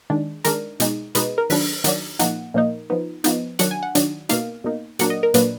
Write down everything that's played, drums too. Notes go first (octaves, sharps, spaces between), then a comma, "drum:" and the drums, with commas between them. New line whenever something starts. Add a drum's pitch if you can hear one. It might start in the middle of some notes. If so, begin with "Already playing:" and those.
D#3 G#3 D4
D#3 G#3 D4 A#4, drum: hi-hat
B2 G#3 D#4, drum: hi-hat
B2 G#3 D#4 B4, drum: hi-hat
A#4
D#3 F#3 D4 B4, drum: open hi-hat
D#3 F#3 D4, drum: hi-hat
A#2 F3 A#3 D#4 F#5, drum: hi-hat
A#2 F3 A#3 D#4
F3 B3 D#4
F3 B3 D#4, drum: hi-hat
D#3 F#3 D4 F#5, drum: hi-hat
G#5
F#5
D#3 F#3 D4, drum: hi-hat
B2 A#3 D#4 F5, drum: hi-hat
B2 A#3 D#4
A#2 F#3 A#3 D4 F#5, drum: hi-hat
D#5
A#4
A#2 F#3 A#3 D4 B4, drum: hi-hat